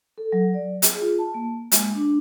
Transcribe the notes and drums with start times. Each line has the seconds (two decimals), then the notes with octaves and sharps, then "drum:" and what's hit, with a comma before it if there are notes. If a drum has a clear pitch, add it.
0.18 A4
0.32 F#3
0.54 D5
0.82 G#4, drum: hi-hat
1.01 F4
1.19 A5
1.34 A#3
1.72 G#3, drum: hi-hat
1.95 D4